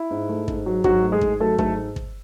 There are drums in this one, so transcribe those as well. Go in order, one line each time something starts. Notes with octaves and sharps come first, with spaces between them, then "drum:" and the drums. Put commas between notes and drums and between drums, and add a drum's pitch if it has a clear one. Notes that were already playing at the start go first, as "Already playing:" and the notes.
Already playing: E4
G#2
A3
G#2, drum: kick
F#3
G#2 F#3 F#4, drum: kick
A3
G#3 G#4
G#2, drum: kick
F#3 A3 A4
G#2 A3 A4, drum: kick
drum: kick